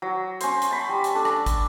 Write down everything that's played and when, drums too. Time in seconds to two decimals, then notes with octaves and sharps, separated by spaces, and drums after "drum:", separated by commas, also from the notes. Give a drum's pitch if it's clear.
0.02 F#3
0.41 C#4 C5, drum: hi-hat
0.62 drum: hi-hat
0.71 A5 B5 C#6
0.89 G3
1.04 drum: hi-hat
1.15 D4 A4
1.25 drum: rim click
1.46 drum: kick, hi-hat